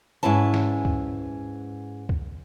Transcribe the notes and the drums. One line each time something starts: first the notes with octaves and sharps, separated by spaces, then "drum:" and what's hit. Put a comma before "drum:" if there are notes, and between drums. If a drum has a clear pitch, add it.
G#2 C#4 E4 B4 A5
drum: snare
drum: kick
drum: kick